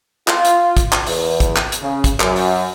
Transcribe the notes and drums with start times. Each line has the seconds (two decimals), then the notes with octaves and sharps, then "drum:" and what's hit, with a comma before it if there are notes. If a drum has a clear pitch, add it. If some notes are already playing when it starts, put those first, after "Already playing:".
0.28 F4, drum: clap
0.45 drum: hi-hat
0.77 drum: kick, hi-hat
0.93 drum: clap
1.07 E2, drum: open hi-hat
1.40 drum: kick, hi-hat
1.56 drum: clap
1.72 drum: hi-hat
1.82 C#3
2.04 drum: kick, hi-hat
2.20 F#2, drum: clap
2.36 drum: open hi-hat